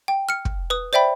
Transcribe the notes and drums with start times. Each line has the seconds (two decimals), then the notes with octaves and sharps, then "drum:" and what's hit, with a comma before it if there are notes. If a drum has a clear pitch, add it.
0.08 G5
0.29 F6 C#7
0.45 drum: kick
0.70 B4 D#6
0.93 C5 D5 E5 G5 B5